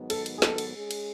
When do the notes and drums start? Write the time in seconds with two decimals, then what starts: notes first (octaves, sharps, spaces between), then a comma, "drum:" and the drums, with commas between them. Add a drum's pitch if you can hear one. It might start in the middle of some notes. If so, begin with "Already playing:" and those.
Already playing: G#2 D#3 F#3 B3
0.10 A4, drum: cymbal
0.26 drum: cymbal
0.38 G#4
0.42 A4, drum: snare
0.58 drum: cymbal
0.74 G#3 C#4 G#4
0.91 drum: cymbal